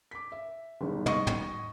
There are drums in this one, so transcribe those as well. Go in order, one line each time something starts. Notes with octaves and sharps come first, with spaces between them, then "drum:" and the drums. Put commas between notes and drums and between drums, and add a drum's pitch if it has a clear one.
D6 B6
E5
G1 E2 D#3
D#5 C#6, drum: tom
drum: tom